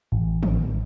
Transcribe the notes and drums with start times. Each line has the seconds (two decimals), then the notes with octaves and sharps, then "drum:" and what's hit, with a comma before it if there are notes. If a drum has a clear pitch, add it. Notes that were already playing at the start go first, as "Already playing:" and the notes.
0.12 A1
0.43 drum: tom